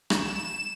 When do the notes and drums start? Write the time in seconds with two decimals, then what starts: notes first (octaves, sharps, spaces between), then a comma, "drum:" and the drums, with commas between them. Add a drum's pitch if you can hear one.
0.10 E7, drum: rim click